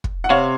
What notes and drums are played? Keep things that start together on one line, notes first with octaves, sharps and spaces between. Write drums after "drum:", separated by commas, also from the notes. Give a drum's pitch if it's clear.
drum: kick
F#5
C3 C#5 F5